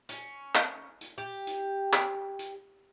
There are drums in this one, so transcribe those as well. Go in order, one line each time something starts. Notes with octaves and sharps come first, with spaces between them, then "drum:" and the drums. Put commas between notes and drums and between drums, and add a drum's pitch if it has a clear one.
C#4, drum: hi-hat
drum: clap
drum: hi-hat
G4
drum: hi-hat
drum: clap
drum: hi-hat